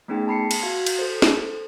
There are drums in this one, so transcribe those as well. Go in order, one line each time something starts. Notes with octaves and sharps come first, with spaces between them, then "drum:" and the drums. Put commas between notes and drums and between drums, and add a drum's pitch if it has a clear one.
A3 B3 C#4 D#4 G#4 G5
A5 B5 C7 C#7
drum: cymbal
F#4 F5 G#6
G6, drum: cymbal
A4 C5
drum: snare